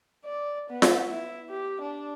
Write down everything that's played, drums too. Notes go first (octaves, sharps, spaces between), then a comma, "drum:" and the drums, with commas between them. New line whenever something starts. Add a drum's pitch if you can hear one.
D5
B3
drum: snare F4
E4
G4
D4